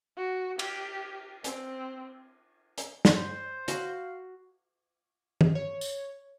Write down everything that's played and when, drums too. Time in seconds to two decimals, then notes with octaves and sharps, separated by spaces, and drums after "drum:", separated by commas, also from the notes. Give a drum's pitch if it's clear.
0.17 F#4
0.59 G4, drum: cymbal
1.44 C4, drum: hi-hat
2.78 drum: hi-hat
3.05 drum: snare
3.17 C5
3.68 F#4 F5, drum: hi-hat
5.41 drum: tom D#3
5.55 C#5
5.81 drum: tambourine